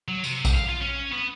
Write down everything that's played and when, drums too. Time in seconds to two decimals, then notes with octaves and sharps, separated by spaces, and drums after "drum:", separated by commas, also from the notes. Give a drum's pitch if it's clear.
0.08 F#3
0.24 C3, drum: tambourine
0.45 drum: kick A#1, tambourine
0.55 F5
0.69 F4
0.82 C#4
1.12 B3